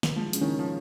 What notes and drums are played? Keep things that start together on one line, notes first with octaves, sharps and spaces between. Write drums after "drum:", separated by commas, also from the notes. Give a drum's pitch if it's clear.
drum: snare
F3 G#3
C#3, drum: hi-hat
D#3 C#4
F3